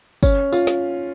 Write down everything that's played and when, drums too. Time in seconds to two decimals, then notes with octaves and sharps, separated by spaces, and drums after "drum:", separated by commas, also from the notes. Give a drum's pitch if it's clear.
0.23 C#4, drum: kick, tambourine
0.52 F4, drum: tambourine
0.67 drum: snare